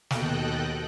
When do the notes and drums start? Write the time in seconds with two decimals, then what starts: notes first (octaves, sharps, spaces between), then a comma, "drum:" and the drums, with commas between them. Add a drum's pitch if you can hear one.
0.11 D#2 B2 A4 D#5 G5 F#6, drum: snare